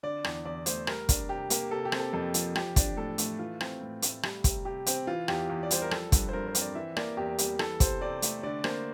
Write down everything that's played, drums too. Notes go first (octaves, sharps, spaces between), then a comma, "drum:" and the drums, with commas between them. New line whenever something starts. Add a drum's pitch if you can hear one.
D3 D5
E2, drum: rim click
E2 D5
A3 C5, drum: hi-hat
G3 A#4, drum: rim click
D4, drum: kick, hi-hat
C3 G4
A#3 G4, drum: hi-hat
C3 A4
G4
C4, drum: rim click
A4
F2 A4
F3, drum: hi-hat
F3 G4, drum: rim click
D4, drum: kick, hi-hat
A2 A4
A3, drum: hi-hat
E3 F4
C4, drum: rim click
A2
A3, drum: hi-hat
G3, drum: rim click
C3, drum: kick, hi-hat
C3 G4
C4, drum: hi-hat
E3 F4
E2 G4, drum: rim click
E2
D5
G3 C5, drum: hi-hat
A#4
F3 A4, drum: rim click
G2, drum: kick, hi-hat
C5
G2 A#4
C5
C4, drum: hi-hat
D5
E3 E5
A#3 D5, drum: rim click
E2 G4
G3, drum: hi-hat
E3 A4, drum: rim click
C3 C5, drum: kick, hi-hat
C3 D5
A3, drum: hi-hat
D3 D5
A#3 C5, drum: rim click